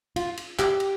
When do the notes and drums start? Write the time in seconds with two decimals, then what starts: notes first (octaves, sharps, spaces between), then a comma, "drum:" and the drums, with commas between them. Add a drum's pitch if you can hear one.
0.16 F4, drum: cymbal
0.37 drum: cymbal
0.59 G4, drum: clap
0.80 drum: cymbal